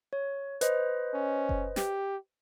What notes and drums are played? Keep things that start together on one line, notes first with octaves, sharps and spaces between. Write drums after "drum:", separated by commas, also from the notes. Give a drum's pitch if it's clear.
C#5
B4 C5 D#5, drum: hi-hat
C#4
drum: kick F#1
G4, drum: snare